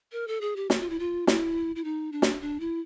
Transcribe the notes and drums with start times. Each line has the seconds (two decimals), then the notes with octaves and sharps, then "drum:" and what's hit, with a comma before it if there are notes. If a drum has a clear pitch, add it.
0.12 A#4
0.28 A4
0.41 G#4
0.56 G4
0.70 F#4, drum: snare
0.81 F4
0.90 E4
0.99 F4
1.27 E4, drum: snare
1.76 E4
1.84 D#4
2.12 D4
2.22 drum: snare
2.41 D4
2.60 E4